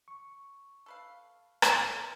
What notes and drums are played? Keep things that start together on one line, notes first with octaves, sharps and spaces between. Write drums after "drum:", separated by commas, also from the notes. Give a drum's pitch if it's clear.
C#6
A4 B4 F5
drum: rim click